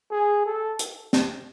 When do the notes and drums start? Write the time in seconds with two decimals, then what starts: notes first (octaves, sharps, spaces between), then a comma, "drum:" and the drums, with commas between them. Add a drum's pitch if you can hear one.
0.11 G#4
0.46 A4
0.79 drum: hi-hat
1.13 drum: snare